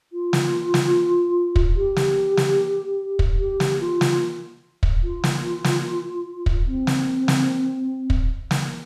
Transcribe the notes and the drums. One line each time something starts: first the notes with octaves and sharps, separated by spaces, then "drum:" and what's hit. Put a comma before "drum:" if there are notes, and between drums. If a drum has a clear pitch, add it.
F4
drum: snare
drum: snare
drum: kick
G4
drum: snare
drum: snare
drum: kick
G4
drum: snare
F4
drum: snare
drum: kick
F4
drum: snare
drum: snare
drum: kick
C4
drum: snare
drum: snare
drum: kick
drum: snare